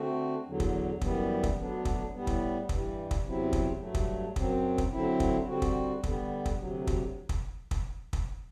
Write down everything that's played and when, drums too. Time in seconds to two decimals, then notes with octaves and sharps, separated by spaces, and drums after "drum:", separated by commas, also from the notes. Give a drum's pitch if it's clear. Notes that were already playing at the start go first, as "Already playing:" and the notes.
Already playing: D3 A3 C4 F#4
0.46 E2 D3 F#3
0.60 drum: kick
1.01 F#2 E3 G3 B3, drum: kick
1.43 drum: kick
1.57 D2 D3 F#3 B3 D4
1.85 drum: kick
2.13 A2 G3 B3
2.27 drum: kick
2.69 G2 E3 G3, drum: kick
3.11 drum: kick
3.25 E2 C3 F#3 C4 E4
3.53 drum: kick
3.80 G2 F#3 A3
3.95 drum: kick
4.36 F#2 F#3 C4, drum: kick
4.78 drum: kick
4.92 D3 F#3 C4 E4
5.20 drum: kick
5.48 D3 G3 C4 F#4
5.62 drum: kick
6.04 D3 G3 B3, drum: kick
6.46 drum: kick
6.59 D2 C3 F#3
6.87 drum: kick
7.29 drum: kick
7.71 drum: kick
8.13 drum: kick